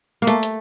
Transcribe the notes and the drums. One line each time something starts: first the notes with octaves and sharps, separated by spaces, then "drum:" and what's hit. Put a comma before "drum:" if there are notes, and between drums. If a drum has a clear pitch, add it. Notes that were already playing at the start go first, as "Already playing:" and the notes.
A#3
A3, drum: hi-hat
drum: hi-hat